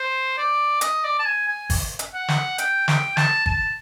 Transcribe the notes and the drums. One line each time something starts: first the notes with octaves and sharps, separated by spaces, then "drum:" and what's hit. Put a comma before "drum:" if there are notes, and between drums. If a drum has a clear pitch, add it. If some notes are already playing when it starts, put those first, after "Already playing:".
Already playing: C5
D5
D#5, drum: hi-hat
D5
A5
G#5
G#5
drum: kick G1, open hi-hat
drum: hi-hat
F#5
drum: snare
G5, drum: hi-hat
G5, drum: snare
A5, drum: snare
A5, drum: kick G1